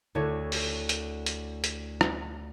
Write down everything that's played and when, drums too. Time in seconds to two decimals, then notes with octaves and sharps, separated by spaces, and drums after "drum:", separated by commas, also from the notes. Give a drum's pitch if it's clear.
0.15 D2 D3 E4 C#5 G#6
0.52 drum: open hi-hat
0.89 drum: hi-hat
1.26 drum: hi-hat
1.64 drum: hi-hat
2.01 drum: rim click